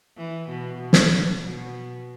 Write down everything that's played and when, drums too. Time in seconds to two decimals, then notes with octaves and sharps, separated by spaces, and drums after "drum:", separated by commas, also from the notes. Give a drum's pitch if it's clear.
0.17 E3
0.49 B2
0.81 B2
0.93 drum: snare
1.43 B2